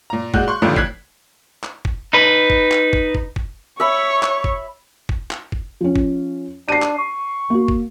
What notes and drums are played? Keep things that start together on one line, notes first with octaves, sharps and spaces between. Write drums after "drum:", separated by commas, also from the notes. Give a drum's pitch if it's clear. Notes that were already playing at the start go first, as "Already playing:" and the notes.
A#2 A#5
A#2 G#3 F#4 F#6 G6, drum: kick
C6 C#6 F#6
A1 F2 A#2 D3 D#3 F3
F#6 G#6 B6 C7, drum: kick
drum: clap
drum: kick
D#4 B4
drum: kick
drum: clap
drum: kick
drum: kick
drum: kick
C#5 E5 B5 C#6
drum: clap
drum: kick
drum: kick
drum: clap
drum: kick
F3 C#4
drum: kick
D4 C7 D#7
drum: clap
C#6
A#3 F#4
drum: kick